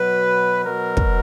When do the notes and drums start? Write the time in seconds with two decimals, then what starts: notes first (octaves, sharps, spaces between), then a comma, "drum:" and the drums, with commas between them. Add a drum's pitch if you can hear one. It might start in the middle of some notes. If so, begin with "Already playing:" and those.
Already playing: B2 F#3 B4
0.64 B2 F#3 A#4
0.97 drum: kick